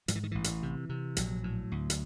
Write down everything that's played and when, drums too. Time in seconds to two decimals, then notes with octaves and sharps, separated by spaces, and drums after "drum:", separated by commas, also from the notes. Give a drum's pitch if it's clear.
0.08 G#2 F3, drum: hi-hat
0.15 E3
0.23 D#3
0.31 A1 E3
0.44 drum: hi-hat
0.63 C3
0.89 C3
1.17 A#1 F#3, drum: hi-hat
1.44 A2
1.72 D2
1.90 drum: hi-hat